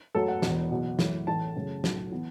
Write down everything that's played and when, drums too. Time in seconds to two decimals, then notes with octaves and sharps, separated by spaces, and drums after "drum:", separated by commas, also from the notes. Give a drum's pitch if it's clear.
0.15 F#2 F#3 A3 A4
0.28 F#5
0.42 E1 E2 B2 B3, drum: snare
0.71 F#1 E2 B2
0.99 F#2 E3 A3, drum: snare
1.27 A1 A2 E3 A5
1.55 F#2 C#3 A3 C#4
1.84 B1 A2 F#3, drum: snare
2.12 E3 B3